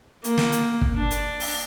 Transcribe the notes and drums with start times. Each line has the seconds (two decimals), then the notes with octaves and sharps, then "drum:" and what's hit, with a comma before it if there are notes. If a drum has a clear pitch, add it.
0.24 A#3, drum: hi-hat
0.38 drum: snare
0.52 drum: hi-hat
0.81 drum: kick
0.96 D4
1.11 drum: hi-hat
1.40 drum: open hi-hat